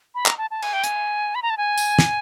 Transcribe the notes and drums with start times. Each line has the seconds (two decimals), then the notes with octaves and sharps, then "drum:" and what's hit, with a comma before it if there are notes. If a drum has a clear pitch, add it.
0.15 B5
0.26 A#5, drum: clap
0.38 A5
0.51 A5
0.62 G#5, drum: cymbal
0.73 G5
0.84 G#5, drum: hi-hat
1.35 B5
1.42 A#5
1.50 A5
1.58 G#5
1.77 drum: tambourine
1.99 drum: snare